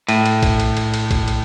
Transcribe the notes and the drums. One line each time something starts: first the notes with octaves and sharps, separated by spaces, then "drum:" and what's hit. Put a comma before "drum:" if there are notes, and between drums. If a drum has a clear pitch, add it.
A2, drum: cymbal
drum: cymbal
drum: kick A#1, cymbal
drum: cymbal
drum: cymbal
drum: cymbal
drum: kick A#1, cymbal
drum: cymbal